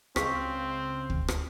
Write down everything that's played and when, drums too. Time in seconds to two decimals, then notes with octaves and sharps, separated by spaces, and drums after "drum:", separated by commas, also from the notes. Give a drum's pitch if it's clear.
0.16 C#2 C4 G#4 F5 C#6 B6, drum: rim click
1.10 drum: kick
1.28 drum: rim click